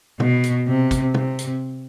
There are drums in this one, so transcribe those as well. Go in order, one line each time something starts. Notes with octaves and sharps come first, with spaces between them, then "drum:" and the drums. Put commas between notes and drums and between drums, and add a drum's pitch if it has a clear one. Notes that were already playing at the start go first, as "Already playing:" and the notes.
B2, drum: tom
drum: hi-hat
C3
drum: kick, hi-hat
C3, drum: tom
drum: hi-hat